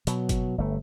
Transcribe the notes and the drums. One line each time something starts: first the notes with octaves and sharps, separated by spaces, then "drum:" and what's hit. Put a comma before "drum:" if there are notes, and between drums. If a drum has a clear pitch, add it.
B2 F#3, drum: hi-hat
drum: kick G1, hi-hat
G1 A3